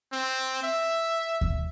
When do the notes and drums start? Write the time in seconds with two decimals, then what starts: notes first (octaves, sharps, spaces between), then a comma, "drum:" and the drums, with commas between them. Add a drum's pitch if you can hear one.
0.12 C4
0.63 E5
1.41 drum: kick D#2